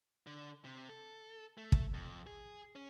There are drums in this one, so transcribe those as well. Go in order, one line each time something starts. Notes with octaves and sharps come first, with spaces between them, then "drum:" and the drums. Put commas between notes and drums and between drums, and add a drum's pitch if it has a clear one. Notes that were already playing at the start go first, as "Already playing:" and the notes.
D3
C3
A4
A3
drum: kick
F2
G#4
C#4